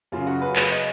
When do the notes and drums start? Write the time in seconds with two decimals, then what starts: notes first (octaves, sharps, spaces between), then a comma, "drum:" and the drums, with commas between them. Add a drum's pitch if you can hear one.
0.12 F#2 C#3 F#3 F4
0.27 F#4
0.42 B4
0.56 B4, drum: clap
0.71 D#5